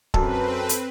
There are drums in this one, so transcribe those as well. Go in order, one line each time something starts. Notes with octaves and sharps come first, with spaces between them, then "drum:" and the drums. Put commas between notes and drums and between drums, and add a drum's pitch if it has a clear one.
F#2 C4 A4 B4, drum: kick C#1
drum: hi-hat